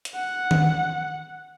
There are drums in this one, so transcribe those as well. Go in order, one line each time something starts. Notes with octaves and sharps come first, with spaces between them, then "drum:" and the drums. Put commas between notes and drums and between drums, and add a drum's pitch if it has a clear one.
drum: hi-hat
F#5
drum: tom